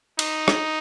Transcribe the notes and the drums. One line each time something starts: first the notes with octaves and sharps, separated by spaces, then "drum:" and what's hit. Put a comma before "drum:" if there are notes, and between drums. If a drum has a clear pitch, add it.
D#4, drum: cymbal
drum: rim click